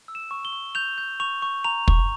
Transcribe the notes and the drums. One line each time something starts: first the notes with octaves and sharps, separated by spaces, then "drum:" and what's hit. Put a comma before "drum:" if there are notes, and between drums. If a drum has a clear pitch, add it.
E6
E7
C#6
G7
C#6
G6 F7
G6
C#6 F7
C#6
A#5 F7
C#6, drum: kick